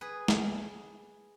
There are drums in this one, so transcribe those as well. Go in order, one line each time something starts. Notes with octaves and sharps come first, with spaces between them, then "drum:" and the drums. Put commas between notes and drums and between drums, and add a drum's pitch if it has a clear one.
G#4 B4
drum: snare